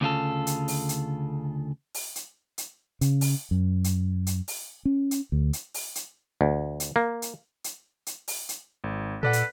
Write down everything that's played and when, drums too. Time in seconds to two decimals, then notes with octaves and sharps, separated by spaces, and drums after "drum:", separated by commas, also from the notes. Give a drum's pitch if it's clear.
0.01 D2 C#3 F4 A4
0.47 drum: hi-hat
0.68 drum: open hi-hat
0.89 drum: hi-hat
1.94 drum: open hi-hat
2.15 drum: hi-hat
2.58 drum: hi-hat
3.01 C#3, drum: hi-hat
3.21 drum: open hi-hat
3.51 F#2
3.84 drum: hi-hat
4.27 drum: hi-hat
4.48 drum: open hi-hat
4.85 C#4
5.11 drum: hi-hat
5.32 D2
5.53 drum: hi-hat
5.74 drum: open hi-hat
5.95 drum: hi-hat
6.41 D2
6.80 drum: hi-hat
6.96 A#3
7.22 drum: hi-hat
7.64 drum: hi-hat
8.06 drum: hi-hat
8.28 drum: open hi-hat
8.49 drum: hi-hat
8.84 G#1
9.23 A#2 A4 B4 D5 F#5
9.33 drum: hi-hat